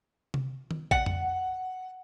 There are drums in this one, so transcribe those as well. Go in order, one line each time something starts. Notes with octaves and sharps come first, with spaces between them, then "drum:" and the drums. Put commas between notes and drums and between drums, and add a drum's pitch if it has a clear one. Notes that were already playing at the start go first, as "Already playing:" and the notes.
drum: tom C3
drum: tom D#3
F#5, drum: kick A1
drum: tom F2